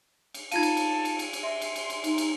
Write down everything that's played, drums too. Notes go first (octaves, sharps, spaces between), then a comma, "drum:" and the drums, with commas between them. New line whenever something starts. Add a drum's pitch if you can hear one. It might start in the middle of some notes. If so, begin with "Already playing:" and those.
drum: cymbal
D#4 F4 F5 A5 G#6 D#7, drum: cymbal
drum: cymbal
drum: cymbal
drum: cymbal
drum: cymbal
drum: cymbal
E5 C6
drum: cymbal
drum: cymbal
drum: cymbal
D#4, drum: cymbal
drum: cymbal